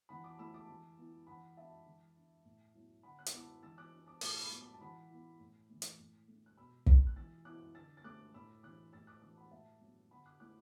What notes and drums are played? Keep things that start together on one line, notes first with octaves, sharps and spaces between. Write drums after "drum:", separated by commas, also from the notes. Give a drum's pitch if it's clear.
E3 F#5 B5
A5 D6
A3 E4 B5 E6
A5 D6
E3
B3 E4
E3 F#5 B5
D4 E5 A5
E3
D4
A2
F#3 B3 E4
D3 F#5 B5
F#6
E6, drum: hi-hat
B3 E4 A5 D6
E3 E6 A6
D6 F#6
D4
A5 D6
A2 A5 D6, drum: open hi-hat
B5 E6
F#3 B3
A5 D6
A5
E3 F#5 B5
B3 E4
A2
E3 A3
drum: hi-hat
A2
A3 D4
F#6
B2 B5 E6
F#3 A3 D4, drum: kick
F#6
E3 E6 A6
B3 E4 D6 F#6
D3 E6 A6
A6
A3 D4 D6 F#6
A2 B5 E6
E3 D4 D6 F#6
A2 E6 A6
D6 F#6
E3 D4 A5 D6
F#5 B5
A2 E5 A5
F#3 B3 D4
D3 F#5 B5
D6 F#6
A3 E4 D6 F#6